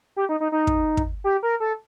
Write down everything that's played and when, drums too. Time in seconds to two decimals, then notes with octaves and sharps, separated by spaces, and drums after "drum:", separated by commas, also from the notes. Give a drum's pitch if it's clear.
0.16 G4
0.29 D#4
0.40 D#4
0.52 D#4
0.67 drum: kick
0.97 drum: kick
1.24 G4
1.43 A#4
1.60 A4